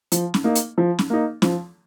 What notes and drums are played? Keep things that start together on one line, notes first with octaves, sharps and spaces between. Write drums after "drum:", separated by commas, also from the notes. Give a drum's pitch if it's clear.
F3, drum: hi-hat
drum: snare C#4
A#3 D#4
drum: hi-hat
F3
drum: snare C#4
A#3 D#4
F3, drum: snare C#4